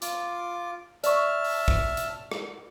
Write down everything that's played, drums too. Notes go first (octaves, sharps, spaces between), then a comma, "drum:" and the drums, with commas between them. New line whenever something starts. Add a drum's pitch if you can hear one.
F4 D6, drum: hi-hat
D5 E5 A5 C#6 F6, drum: hi-hat
drum: open hi-hat
drum: kick
drum: hi-hat
drum: rim click